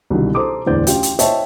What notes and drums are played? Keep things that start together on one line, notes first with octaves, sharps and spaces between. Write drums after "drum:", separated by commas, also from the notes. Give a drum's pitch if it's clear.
C2 B2 D3 D#3 F#3
A4 C5 A#5 C6 D6 D#6
D1 E2 D3 C5 D5 G6
C#4 F4 G4 G5, drum: hi-hat
drum: hi-hat
C5 C#5 D#5 E5 G5 A5, drum: hi-hat